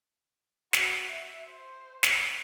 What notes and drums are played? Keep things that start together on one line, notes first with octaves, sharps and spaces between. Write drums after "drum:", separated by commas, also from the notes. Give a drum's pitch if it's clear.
F#4, drum: snare
E5
C5
drum: snare